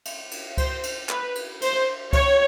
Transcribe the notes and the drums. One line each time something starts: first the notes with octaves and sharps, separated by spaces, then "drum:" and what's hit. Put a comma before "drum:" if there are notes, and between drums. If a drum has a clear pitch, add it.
drum: cymbal
drum: cymbal
C5, drum: kick C#2, cymbal
drum: cymbal
B4, drum: clap
drum: cymbal
C5, drum: cymbal
C#5, drum: kick C#2, cymbal